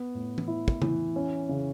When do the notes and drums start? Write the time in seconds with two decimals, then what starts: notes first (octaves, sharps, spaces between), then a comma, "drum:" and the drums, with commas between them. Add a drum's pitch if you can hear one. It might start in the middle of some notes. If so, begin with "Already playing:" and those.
Already playing: B3
0.15 A2
0.38 drum: tom E3
0.48 E4
0.68 drum: kick
0.82 E3, drum: tom C#3
1.16 C#4
1.49 C#3